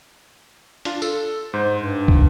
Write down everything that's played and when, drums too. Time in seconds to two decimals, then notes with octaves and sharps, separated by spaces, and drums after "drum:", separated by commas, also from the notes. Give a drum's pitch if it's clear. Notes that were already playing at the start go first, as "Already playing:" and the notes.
0.85 D4 F4, drum: hi-hat
1.02 A4, drum: tambourine
1.54 G#2 C5
1.75 G2
2.08 drum: kick